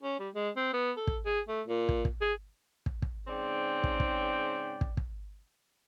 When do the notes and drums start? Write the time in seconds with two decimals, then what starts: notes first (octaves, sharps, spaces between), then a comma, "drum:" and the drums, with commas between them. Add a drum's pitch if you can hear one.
0.03 C#4
0.19 G3
0.34 G#3
0.56 C4
0.73 B3
0.96 A4
1.07 drum: kick
1.25 G#4
1.48 A3
1.67 A#2
1.89 drum: kick
2.05 drum: kick
2.21 G#4
2.86 drum: kick
3.02 drum: kick
3.27 G#2 C#3 C4 D5 G5
3.84 drum: kick
4.00 drum: kick
4.81 drum: kick
4.97 drum: kick